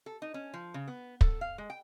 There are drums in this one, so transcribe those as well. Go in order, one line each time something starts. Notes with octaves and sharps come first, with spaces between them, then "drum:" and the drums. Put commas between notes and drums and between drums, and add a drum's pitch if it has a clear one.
A4
D#4
C#4
F3
C#3
B3
A4, drum: kick
F5
G#3
G5